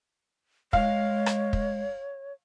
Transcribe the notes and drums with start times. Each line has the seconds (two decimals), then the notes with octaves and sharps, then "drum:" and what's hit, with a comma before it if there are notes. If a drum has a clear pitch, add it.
0.73 G#3 C#5 F5, drum: kick
1.26 drum: rim click
1.53 drum: kick